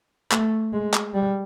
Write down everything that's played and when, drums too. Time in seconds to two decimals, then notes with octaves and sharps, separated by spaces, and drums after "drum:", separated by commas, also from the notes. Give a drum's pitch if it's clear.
0.31 A3, drum: clap
0.73 G#3
0.94 drum: clap
1.14 G3